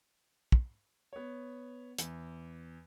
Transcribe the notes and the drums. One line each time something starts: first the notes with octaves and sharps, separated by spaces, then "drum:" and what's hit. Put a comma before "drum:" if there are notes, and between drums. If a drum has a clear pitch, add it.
drum: kick
B3 C#5
E2, drum: hi-hat